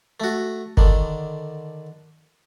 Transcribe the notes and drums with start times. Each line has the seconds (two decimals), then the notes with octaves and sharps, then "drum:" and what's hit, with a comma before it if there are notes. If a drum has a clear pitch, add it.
0.20 A3 F#4
0.77 D3 D#3, drum: kick F#1